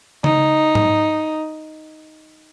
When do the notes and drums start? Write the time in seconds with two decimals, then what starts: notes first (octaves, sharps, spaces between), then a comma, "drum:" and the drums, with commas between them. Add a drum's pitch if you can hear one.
0.24 D#4, drum: tom C#3
0.75 drum: tom G#2